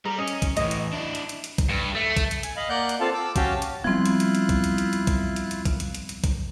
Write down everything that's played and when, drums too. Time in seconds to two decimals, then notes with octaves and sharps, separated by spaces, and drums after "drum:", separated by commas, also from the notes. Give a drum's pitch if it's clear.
0.05 G3 A#4
0.18 C#4 D#5
0.28 drum: hi-hat
0.42 drum: kick, hi-hat
0.57 A2 E3 D#5, drum: hi-hat
0.71 drum: hi-hat
0.93 D4 E4
1.15 drum: hi-hat
1.29 drum: hi-hat
1.44 drum: hi-hat
1.58 drum: kick, hi-hat
1.69 G2
1.95 A3
2.17 drum: kick, hi-hat
2.31 drum: hi-hat
2.43 G#5, drum: hi-hat
2.56 D#5 F5 B5
2.69 A#3 D5 F#5 F#6 G6
2.89 drum: hi-hat
3.00 C4 F4 A4 F5 A5
3.14 D6 E6
3.36 C#4 F#4 G4 F5 G5 A5, drum: kick, hi-hat
3.62 drum: hi-hat
3.84 F3 G3 B3 C4 E4 F4 F#6
4.06 drum: hi-hat
4.20 drum: hi-hat
4.35 drum: hi-hat
4.49 drum: kick, hi-hat
4.64 drum: hi-hat
4.78 drum: hi-hat
4.93 drum: hi-hat
5.07 drum: kick, hi-hat
5.36 drum: hi-hat
5.51 drum: hi-hat
5.65 drum: kick, hi-hat
5.80 drum: hi-hat
5.95 drum: hi-hat
6.09 drum: hi-hat
6.24 drum: kick, hi-hat